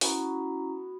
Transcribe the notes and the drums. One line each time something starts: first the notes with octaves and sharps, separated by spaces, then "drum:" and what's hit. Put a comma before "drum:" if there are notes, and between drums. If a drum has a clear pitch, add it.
B3 C#4 E4 F#4 C#5 A#5, drum: open hi-hat